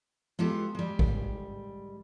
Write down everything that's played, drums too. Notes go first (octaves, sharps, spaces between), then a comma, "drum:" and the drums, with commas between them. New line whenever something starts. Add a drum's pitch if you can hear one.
G#3 B3 F4 G4 A4
G3 G#3
drum: kick